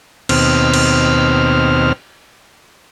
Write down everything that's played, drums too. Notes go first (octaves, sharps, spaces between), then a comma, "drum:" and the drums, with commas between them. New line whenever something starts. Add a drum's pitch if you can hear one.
D#2 B2 C4 F6, drum: cymbal
drum: cymbal